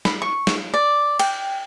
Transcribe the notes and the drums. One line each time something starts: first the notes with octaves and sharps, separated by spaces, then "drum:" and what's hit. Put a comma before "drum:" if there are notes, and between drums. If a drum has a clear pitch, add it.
B5, drum: snare
C#6
drum: snare
D5
G5, drum: cymbal